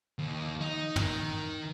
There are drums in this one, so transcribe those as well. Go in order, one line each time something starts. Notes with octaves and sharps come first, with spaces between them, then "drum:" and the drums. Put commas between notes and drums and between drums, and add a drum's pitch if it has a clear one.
D#2
D#4
D#3, drum: tom